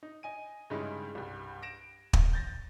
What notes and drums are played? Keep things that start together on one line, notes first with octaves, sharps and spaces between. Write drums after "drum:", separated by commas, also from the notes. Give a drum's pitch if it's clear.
D#4
D#5 G#5 D#7
G2 C#3 G#3 D#4 E4
C2 G2
A#6 D7 E7
drum: kick
G6 A6 A#6